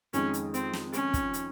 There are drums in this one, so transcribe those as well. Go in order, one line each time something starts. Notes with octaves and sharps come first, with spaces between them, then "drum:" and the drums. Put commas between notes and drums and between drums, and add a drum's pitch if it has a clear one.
F2 D#3 G#3 C#4, drum: hi-hat
drum: hi-hat
C4, drum: hi-hat
drum: snare
C#4, drum: hi-hat
drum: kick, hi-hat
drum: hi-hat